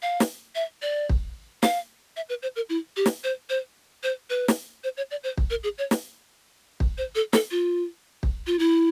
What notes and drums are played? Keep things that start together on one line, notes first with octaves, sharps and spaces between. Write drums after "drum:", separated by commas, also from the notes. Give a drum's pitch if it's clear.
F5
drum: snare
E5
D5
drum: kick
F5, drum: snare
E5
B4
C5
A#4
E4
G4
drum: snare
C5
C5
C5
B4
drum: snare
C5
C#5
D5
C5
drum: kick
A#4
G#4
C#5
drum: snare
drum: kick
C5
A4
A4, drum: snare
F4
drum: kick
F4
E4